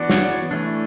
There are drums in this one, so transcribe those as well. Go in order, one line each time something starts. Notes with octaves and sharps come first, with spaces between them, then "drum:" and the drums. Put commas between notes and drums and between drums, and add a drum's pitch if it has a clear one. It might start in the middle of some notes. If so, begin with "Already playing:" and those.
Already playing: E3 B3 D4 F#4 D5
C#5, drum: snare
D5
C#5
E3 A3 D4